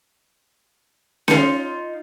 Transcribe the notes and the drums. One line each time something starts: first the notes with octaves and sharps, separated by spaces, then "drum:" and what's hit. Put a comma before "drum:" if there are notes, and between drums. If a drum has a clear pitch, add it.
D#4 F4, drum: snare C#4